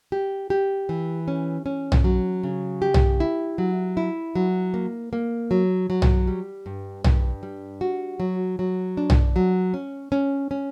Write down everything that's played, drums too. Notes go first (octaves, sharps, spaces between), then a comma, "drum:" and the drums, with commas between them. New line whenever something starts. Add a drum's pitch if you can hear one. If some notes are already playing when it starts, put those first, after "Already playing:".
G4
G4
E3
C#4
C#4
drum: tom
F#3
C#3
G4
drum: tom
E4
F#3
E4
F#3
A#3
A#3
F#3
F#3
drum: tom
G3
G2
G2, drum: tom
G3
F#4
F#3
F#3
D4
drum: tom
F#3
C#4
C#4
C#4